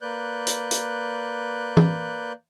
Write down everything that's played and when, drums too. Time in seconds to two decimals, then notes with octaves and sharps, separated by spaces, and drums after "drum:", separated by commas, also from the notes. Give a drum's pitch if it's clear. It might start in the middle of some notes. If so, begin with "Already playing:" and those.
0.02 A#3 B4 D5 F#6 G6
0.47 drum: hi-hat
0.71 drum: hi-hat
1.77 drum: tom E3